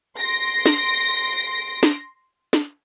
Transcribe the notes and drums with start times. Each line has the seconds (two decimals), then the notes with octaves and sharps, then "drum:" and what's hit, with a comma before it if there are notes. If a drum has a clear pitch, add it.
0.19 C6 A#6 D7
0.66 drum: snare
1.83 drum: snare
2.53 drum: snare